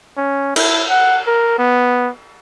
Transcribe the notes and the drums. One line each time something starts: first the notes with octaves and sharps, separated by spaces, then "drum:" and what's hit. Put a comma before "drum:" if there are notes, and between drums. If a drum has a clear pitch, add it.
C#4
E4, drum: cymbal
F#5
A#4
B3